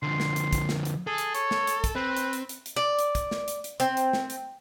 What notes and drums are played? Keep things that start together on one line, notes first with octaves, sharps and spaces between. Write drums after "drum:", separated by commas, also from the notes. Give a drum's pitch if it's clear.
D3 F3 C6
drum: snare
drum: hi-hat
drum: kick, hi-hat
drum: snare
drum: hi-hat
G#4 A4
drum: hi-hat
C#5, drum: hi-hat
drum: snare
drum: hi-hat
drum: kick, hi-hat
C4 B4
drum: hi-hat
drum: hi-hat
drum: hi-hat
drum: hi-hat
D5
drum: hi-hat
drum: kick, hi-hat
drum: snare
drum: hi-hat
drum: hi-hat
C4, drum: hi-hat
drum: hi-hat
drum: snare
drum: hi-hat